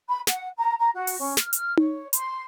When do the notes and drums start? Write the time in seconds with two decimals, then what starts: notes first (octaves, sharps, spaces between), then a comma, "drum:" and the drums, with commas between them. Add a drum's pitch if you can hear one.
0.07 B5
0.27 F#5, drum: snare
0.57 A#5
0.79 A#5
0.93 F#4
1.07 drum: open hi-hat
1.19 C#4
1.37 F6, drum: snare
1.53 F6, drum: hi-hat
1.77 C#5, drum: tom D#4
2.13 C6, drum: hi-hat